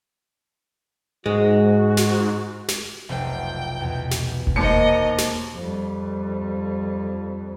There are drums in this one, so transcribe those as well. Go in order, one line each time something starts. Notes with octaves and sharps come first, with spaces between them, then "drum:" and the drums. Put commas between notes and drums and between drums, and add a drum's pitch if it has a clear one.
G#2 G#3 F#4
drum: snare
drum: snare
F1 B1 G5
E2 B2
drum: snare
drum: kick F1
D#2 A#4 C5 D#5 D6 C#7
drum: snare
F2 G3